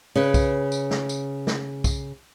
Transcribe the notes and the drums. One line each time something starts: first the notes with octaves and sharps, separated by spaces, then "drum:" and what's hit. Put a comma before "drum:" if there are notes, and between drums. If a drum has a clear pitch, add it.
C#3 B4
drum: kick, tambourine
drum: tambourine
drum: snare
drum: tambourine
drum: snare
drum: kick, tambourine